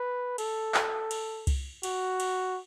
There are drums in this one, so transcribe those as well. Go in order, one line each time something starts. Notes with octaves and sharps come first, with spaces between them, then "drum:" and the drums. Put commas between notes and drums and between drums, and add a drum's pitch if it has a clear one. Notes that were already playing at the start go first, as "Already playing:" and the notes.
Already playing: B4
A4, drum: cymbal
drum: clap
drum: cymbal
drum: kick C2, cymbal
F#4, drum: cymbal
drum: cymbal